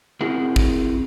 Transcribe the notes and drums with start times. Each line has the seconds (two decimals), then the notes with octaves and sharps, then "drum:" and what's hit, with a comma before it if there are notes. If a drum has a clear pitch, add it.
0.21 C4 E4 F#4 G#4 A#4
0.56 drum: kick